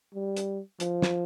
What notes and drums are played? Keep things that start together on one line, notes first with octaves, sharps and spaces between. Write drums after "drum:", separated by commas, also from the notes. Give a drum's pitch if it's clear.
G3
drum: hi-hat
F3, drum: hi-hat
drum: snare